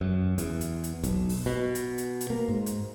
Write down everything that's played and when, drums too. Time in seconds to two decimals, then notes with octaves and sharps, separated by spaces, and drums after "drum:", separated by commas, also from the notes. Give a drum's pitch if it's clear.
0.01 F#2
0.38 E2, drum: hi-hat
0.61 drum: hi-hat
0.84 drum: hi-hat
1.04 B1, drum: hi-hat
1.29 drum: open hi-hat
1.46 B2
1.75 drum: hi-hat
1.98 drum: hi-hat
2.21 drum: hi-hat
2.30 A#3
2.48 G#2
2.66 drum: hi-hat